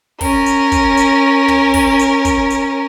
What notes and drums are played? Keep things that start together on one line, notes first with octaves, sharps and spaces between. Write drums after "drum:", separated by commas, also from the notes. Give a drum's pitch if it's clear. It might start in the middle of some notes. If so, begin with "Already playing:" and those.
C#4 A#4, drum: kick, open hi-hat
drum: hi-hat
drum: kick, hi-hat
drum: hi-hat
drum: tom
drum: kick, open hi-hat
drum: hi-hat
drum: kick, hi-hat
drum: hi-hat